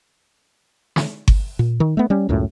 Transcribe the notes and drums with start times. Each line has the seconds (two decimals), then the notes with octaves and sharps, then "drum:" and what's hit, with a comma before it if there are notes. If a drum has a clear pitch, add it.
0.96 drum: snare
1.28 drum: kick G1
1.59 A#2
1.80 D#3
1.97 A3 B3
2.10 G3 C#4
2.29 C#2 F#2 A2